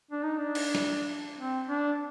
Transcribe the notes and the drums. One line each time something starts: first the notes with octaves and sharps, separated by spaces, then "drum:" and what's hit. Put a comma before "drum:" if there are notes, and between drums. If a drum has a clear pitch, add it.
D4
D#4
D4
drum: cymbal
drum: snare
C4
D4